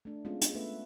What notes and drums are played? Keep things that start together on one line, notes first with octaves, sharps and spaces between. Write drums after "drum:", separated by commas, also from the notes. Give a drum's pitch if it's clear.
A3 D4
G#3 B3 C#4 F4
drum: hi-hat
A3 B3 B4 E5